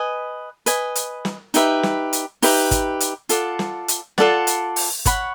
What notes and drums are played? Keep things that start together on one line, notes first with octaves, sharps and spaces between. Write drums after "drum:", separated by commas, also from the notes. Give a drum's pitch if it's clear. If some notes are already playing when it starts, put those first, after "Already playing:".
Already playing: B4 D#5 G#5
B4 D#5 G#5, drum: hi-hat
drum: hi-hat
drum: snare
D#4 G4 B4 E5, drum: hi-hat
drum: snare
drum: hi-hat
D#4 G4 B4 E5, drum: open hi-hat
drum: kick, hi-hat
drum: hi-hat
F4 A4 D5 F#5, drum: hi-hat
drum: snare
drum: hi-hat
F4 A4 D5 F#5, drum: snare
drum: hi-hat
drum: open hi-hat
C#5 F#5 B5, drum: kick, hi-hat